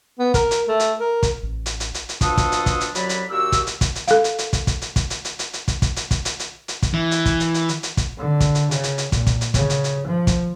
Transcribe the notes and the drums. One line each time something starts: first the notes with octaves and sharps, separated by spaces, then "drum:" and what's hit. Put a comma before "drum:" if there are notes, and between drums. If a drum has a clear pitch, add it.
B3
A#4, drum: kick, hi-hat
drum: hi-hat
A3
drum: hi-hat
A#4
drum: kick, hi-hat
A1
drum: hi-hat
drum: hi-hat
drum: hi-hat
drum: hi-hat
B2 F3 D4 F4 A4 D#6, drum: kick, hi-hat
drum: kick, hi-hat
drum: hi-hat
drum: kick, hi-hat
drum: hi-hat
C2 F#2 F#3 D5 B5, drum: hi-hat
drum: hi-hat
D#2 A#2 F#4 G4 F5 E6
drum: kick, hi-hat
drum: hi-hat
drum: kick, hi-hat
drum: hi-hat
A4 F5, drum: hi-hat
drum: hi-hat
drum: hi-hat
drum: kick, hi-hat
drum: kick, hi-hat
drum: hi-hat
drum: kick, hi-hat
drum: hi-hat
drum: hi-hat
drum: hi-hat
drum: hi-hat
drum: kick, hi-hat
drum: kick, hi-hat
drum: hi-hat
drum: kick, hi-hat
drum: hi-hat
drum: hi-hat
drum: hi-hat
drum: kick, hi-hat
E3
drum: hi-hat
drum: kick, hi-hat
drum: hi-hat
drum: hi-hat
drum: hi-hat
drum: hi-hat
drum: kick, hi-hat
D3
drum: kick, hi-hat
drum: hi-hat
C#3, drum: hi-hat
drum: hi-hat
drum: hi-hat
A#2, drum: kick, hi-hat
drum: kick, hi-hat
drum: hi-hat
C#3, drum: kick, hi-hat
drum: hi-hat
drum: hi-hat
F3
drum: kick, hi-hat